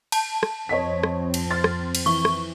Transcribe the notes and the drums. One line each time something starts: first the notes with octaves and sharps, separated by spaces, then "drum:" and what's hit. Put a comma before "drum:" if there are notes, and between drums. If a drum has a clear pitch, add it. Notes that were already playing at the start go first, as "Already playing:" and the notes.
A5, drum: cymbal
drum: rim click
F2 C4 C#5 D#5 B6
drum: rim click
drum: cymbal
C6 F6 A6
drum: rim click
drum: cymbal
E3 C#6 G7
drum: rim click